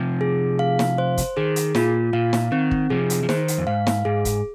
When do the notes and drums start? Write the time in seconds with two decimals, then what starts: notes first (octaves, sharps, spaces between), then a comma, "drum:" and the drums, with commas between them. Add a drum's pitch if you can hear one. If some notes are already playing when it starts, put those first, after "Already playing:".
Already playing: C3 F3
0.21 G#4
0.59 F5
0.79 drum: snare
0.98 C5
1.18 drum: kick, hi-hat
1.37 D#3 G#4
1.56 drum: hi-hat
1.75 A#2 F4, drum: snare
2.13 A#2 F5
2.33 drum: snare
2.52 D#3 C4
2.71 drum: kick
2.90 C3 F3 G#4
3.10 drum: hi-hat
3.23 F3
3.29 D#3 C5, drum: snare
3.48 drum: hi-hat
3.58 F2
3.67 G#2 F5
3.87 drum: snare
4.05 G#2 G#4
4.25 drum: kick, hi-hat